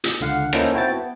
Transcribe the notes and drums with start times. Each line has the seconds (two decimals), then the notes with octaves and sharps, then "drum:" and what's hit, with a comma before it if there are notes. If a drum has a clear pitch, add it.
0.04 drum: hi-hat
0.20 C#2 D3 F5 F#5
0.53 A#3 C#4 D#4 E4 A4 C5, drum: rim click
0.74 C4 E4 F#4 G5 A5 A6
0.90 B3